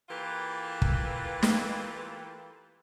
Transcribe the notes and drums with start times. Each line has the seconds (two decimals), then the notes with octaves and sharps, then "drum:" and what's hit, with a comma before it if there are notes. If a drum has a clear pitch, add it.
0.09 E3 A#3 F4 G4 A4 B4
0.82 drum: kick
1.43 drum: snare